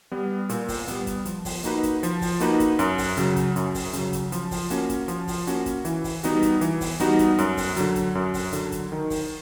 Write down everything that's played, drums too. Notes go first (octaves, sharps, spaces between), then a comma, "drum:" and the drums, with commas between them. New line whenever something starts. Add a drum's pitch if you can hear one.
G3 B3
A#2, drum: hi-hat
drum: kick, open hi-hat
G3 B3, drum: hi-hat
drum: kick, hi-hat
F3, drum: hi-hat
drum: kick, open hi-hat
A#3 D#4 F#4 B4, drum: hi-hat
drum: kick, hi-hat
F3, drum: hi-hat
drum: kick, open hi-hat
A#3 D#4 F#4 B4, drum: hi-hat
drum: kick, hi-hat
F#2, drum: hi-hat
drum: kick, open hi-hat
C#3 F#3, drum: hi-hat
drum: kick, hi-hat
F#2, drum: hi-hat
drum: kick, open hi-hat
C#3 F#3, drum: hi-hat
drum: kick, hi-hat
F3, drum: hi-hat
drum: kick, open hi-hat
A#3 C#4 F#4, drum: hi-hat
drum: kick, hi-hat
F3, drum: hi-hat
drum: kick, open hi-hat
A#3 C#4 F#4, drum: hi-hat
drum: kick, hi-hat
E3, drum: hi-hat
drum: kick, open hi-hat
G3 B3 D#4 F#4, drum: hi-hat
drum: kick, hi-hat
E3, drum: hi-hat
drum: kick, open hi-hat
G3 B3 D#4 F#4, drum: hi-hat
drum: kick, hi-hat
F#2, drum: hi-hat
drum: kick, open hi-hat
D3 F#3, drum: hi-hat
drum: kick, hi-hat
F#2
drum: kick, open hi-hat
D3 F#3, drum: hi-hat
drum: kick, hi-hat
D#3
drum: kick, open hi-hat